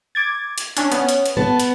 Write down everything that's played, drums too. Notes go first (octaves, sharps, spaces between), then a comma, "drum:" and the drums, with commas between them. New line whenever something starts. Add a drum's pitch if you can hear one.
D6 G#6 A6
drum: hi-hat
C#4 D4, drum: hi-hat
B3 C#4, drum: hi-hat
drum: hi-hat
drum: hi-hat
B3 A5
drum: hi-hat